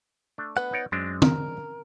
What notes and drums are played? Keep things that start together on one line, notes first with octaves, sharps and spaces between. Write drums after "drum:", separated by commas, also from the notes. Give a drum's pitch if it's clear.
A3 D4
B3 B4 F#5
D#4 C#5 D5
F#2 G#3 C4 D4
A#4, drum: tom